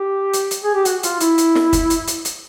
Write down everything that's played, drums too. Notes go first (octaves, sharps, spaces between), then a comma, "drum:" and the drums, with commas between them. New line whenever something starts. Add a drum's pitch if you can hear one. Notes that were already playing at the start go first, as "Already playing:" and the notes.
Already playing: G4
drum: hi-hat
drum: hi-hat
G#4
G4
F#4, drum: hi-hat
F4, drum: hi-hat
E4, drum: hi-hat
drum: hi-hat
drum: snare
drum: kick, hi-hat
drum: hi-hat
drum: hi-hat
drum: hi-hat